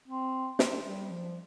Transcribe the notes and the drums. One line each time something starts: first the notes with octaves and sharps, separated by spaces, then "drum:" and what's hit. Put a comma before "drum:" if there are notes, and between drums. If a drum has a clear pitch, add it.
C4
drum: snare
G3
F3